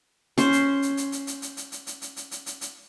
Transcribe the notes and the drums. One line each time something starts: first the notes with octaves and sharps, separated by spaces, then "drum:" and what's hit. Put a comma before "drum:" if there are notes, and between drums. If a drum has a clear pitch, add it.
C#4 C5, drum: hi-hat
drum: hi-hat
drum: hi-hat
drum: hi-hat
drum: hi-hat
drum: hi-hat
drum: hi-hat
drum: hi-hat
drum: hi-hat
drum: hi-hat
drum: hi-hat
drum: hi-hat
drum: hi-hat
drum: hi-hat
drum: hi-hat